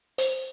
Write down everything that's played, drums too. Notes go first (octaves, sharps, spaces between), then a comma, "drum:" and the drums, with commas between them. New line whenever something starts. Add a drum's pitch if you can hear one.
C5, drum: hi-hat